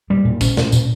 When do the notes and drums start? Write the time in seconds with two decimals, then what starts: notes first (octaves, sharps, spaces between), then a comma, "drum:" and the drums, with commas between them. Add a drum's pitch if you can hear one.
0.10 A#2 G3
0.25 A#2
0.41 A#2 C#4, drum: kick, tambourine
0.57 A#2, drum: snare
0.72 A#2, drum: tambourine